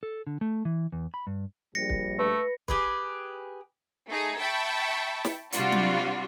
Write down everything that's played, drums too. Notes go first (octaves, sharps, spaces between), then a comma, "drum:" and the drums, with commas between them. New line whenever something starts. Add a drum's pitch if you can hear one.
A4
D3
A3
E3
E2
B5
G2
A#1 G3 A#6 C#7
drum: kick
A3 B4
G4 G#4 B4, drum: kick
A3 D#4 G#4
E5 G5 A5 B5 C#6
drum: snare
C3 G3 D4 F4 F#4, drum: hi-hat
drum: tom F#3